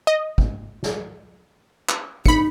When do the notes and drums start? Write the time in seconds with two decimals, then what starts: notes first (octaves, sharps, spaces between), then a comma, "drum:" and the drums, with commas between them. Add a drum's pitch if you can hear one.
0.07 D#5
0.38 drum: kick
0.83 drum: snare
1.89 drum: clap
2.26 D#4 B5 C#7, drum: kick